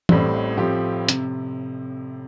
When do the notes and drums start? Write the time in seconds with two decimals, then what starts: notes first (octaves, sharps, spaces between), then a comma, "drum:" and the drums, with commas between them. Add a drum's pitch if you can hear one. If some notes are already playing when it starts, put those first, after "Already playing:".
0.09 A1 A2 G3 C4, drum: tom E3
0.57 A2 F3 C4 G4
1.09 C3, drum: hi-hat